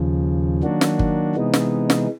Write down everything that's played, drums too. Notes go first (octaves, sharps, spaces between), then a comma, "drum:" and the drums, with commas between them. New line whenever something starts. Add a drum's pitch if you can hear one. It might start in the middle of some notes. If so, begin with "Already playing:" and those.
Already playing: D#2 C#3 F3
D#3 F#3 A#3 D4 F#4
drum: snare
drum: kick G1
C3 E3 G#3 B3 D#4
drum: snare
drum: snare